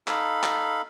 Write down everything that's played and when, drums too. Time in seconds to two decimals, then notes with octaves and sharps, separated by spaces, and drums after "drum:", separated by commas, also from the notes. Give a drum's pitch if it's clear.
0.08 D#4 A4 F5 B5, drum: clap
0.43 drum: clap